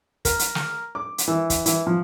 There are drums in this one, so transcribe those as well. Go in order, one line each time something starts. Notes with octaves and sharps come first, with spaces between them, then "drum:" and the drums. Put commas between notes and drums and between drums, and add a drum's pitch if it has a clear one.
A#4, drum: kick, hi-hat
drum: hi-hat
drum: snare
D6
drum: hi-hat
E3
drum: kick, hi-hat
E3, drum: hi-hat
F3